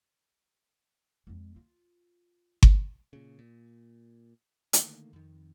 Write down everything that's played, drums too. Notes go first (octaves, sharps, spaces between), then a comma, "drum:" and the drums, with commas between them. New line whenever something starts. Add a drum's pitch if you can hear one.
F2 G#3
F4
drum: kick G1
A#2 C#3
A#2
D3 D#3 A3 A#3, drum: hi-hat
F2 D#3